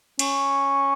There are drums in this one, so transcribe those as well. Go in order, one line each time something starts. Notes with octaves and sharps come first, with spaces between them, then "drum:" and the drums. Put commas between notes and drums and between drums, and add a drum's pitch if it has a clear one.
C#4, drum: cymbal